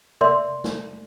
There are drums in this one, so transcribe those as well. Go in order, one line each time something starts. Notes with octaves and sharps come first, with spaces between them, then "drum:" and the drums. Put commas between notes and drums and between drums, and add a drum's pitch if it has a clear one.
A#4 D5 E5 C6, drum: tom C3
drum: snare